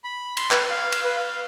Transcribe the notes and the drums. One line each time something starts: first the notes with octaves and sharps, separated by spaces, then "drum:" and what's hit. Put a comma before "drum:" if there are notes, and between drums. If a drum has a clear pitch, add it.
B5
C6, drum: cymbal
B4, drum: clap
F5
drum: cymbal
B4
F5